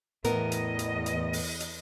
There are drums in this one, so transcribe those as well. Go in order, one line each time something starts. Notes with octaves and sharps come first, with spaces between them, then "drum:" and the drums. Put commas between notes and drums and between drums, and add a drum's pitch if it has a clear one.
E2 A2 B3 A#4 D#5, drum: hi-hat
drum: hi-hat
drum: hi-hat
drum: hi-hat
drum: open hi-hat
drum: hi-hat